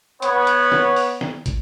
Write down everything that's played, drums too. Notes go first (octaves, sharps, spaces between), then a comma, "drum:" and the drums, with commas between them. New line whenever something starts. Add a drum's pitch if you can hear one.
B3 C#5, drum: hi-hat
drum: hi-hat
drum: snare
drum: open hi-hat
drum: snare
drum: kick, hi-hat